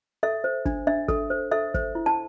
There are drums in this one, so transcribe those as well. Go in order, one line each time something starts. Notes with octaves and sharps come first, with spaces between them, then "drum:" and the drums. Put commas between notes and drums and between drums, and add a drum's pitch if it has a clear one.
A4 E5
C5
D4, drum: kick
D4 E5
A4, drum: kick
C5
A4 E5
C5, drum: kick
E4
A5